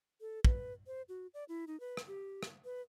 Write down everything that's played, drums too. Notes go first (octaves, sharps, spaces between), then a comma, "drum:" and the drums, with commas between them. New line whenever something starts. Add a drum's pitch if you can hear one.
A4
B4, drum: kick
C5
F#4
D5
E4
D#4
B4
drum: rim click
G4
drum: rim click
B4